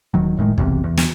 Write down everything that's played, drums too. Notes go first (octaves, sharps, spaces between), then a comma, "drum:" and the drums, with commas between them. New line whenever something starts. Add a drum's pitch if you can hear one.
D#1 D#3 F#3
F#1 A2 D#3 G#3
F#1 B1 E2 C3, drum: kick
E2
drum: snare